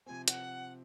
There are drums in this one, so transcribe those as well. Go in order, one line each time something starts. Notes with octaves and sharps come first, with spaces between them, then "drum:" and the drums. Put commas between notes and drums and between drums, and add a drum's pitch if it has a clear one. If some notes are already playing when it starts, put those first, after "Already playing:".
C3 F3 C4 G#5
F#5, drum: hi-hat